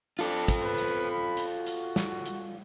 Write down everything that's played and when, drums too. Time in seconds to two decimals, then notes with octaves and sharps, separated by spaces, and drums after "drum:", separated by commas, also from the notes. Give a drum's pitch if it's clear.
0.19 D4 F4 A4, drum: hi-hat
0.48 drum: kick, hi-hat
0.63 B4
0.78 drum: hi-hat
1.11 B5
1.37 drum: hi-hat
1.57 F#4
1.67 drum: hi-hat
1.96 drum: snare
2.26 drum: hi-hat